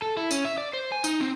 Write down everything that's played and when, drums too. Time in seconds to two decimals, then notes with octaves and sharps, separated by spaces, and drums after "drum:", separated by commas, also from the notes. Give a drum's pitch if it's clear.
0.02 A4
0.17 E4
0.31 C#4, drum: tambourine
0.45 E5
0.58 D5
0.73 C5
0.92 G#5
1.04 D#4, drum: tambourine
1.21 C4